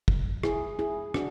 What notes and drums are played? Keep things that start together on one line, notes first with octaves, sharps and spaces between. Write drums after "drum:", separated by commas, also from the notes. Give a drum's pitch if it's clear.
drum: kick
E4 G#4, drum: rim click
E4 G#4
D4 F#4, drum: rim click